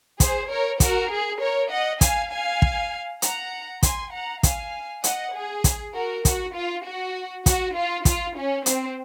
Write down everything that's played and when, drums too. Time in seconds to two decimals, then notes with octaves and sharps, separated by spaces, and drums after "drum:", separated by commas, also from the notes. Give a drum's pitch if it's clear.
0.20 G#4 C5, drum: kick, hi-hat
0.50 A#4 C#5
0.80 F#4 A#4, drum: kick, hi-hat
1.10 G#4
1.41 A#4 C#5
1.71 D#5 F#5
2.01 F5 G#5, drum: kick, hi-hat
2.31 F5 G#5
2.62 drum: kick
3.22 F#5 A#5, drum: hi-hat
3.83 G#5 C6, drum: kick, hi-hat
4.13 F#5 A#5
4.43 F5 G#5, drum: kick, hi-hat
5.04 D#5 F#5, drum: hi-hat
5.34 G#4
5.64 drum: kick, hi-hat
5.94 F#4 A#4
6.25 F#4, drum: kick, hi-hat
6.55 F4
6.85 F#4
7.46 F#4, drum: kick, hi-hat
7.75 F4
8.05 F4, drum: kick, hi-hat
8.37 C#4
8.66 C4, drum: hi-hat